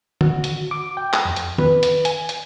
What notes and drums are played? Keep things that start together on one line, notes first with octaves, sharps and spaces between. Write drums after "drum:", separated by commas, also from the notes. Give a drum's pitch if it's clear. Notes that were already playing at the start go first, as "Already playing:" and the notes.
F#4, drum: tom D3
drum: hi-hat
D6
G5
drum: clap
F2
drum: hi-hat
B4, drum: tom D#3
drum: hi-hat
G#5, drum: hi-hat
drum: hi-hat